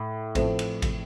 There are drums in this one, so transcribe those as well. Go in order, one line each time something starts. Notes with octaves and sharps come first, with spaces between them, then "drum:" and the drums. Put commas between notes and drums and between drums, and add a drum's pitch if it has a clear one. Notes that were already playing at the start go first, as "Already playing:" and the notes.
Already playing: A2
A2 F3 A3 C4, drum: kick G#1, cymbal
drum: cymbal
drum: kick G#1, cymbal